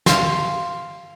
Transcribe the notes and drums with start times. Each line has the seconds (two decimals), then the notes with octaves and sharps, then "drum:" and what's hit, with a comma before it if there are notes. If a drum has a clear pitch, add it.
0.06 F5 C6, drum: snare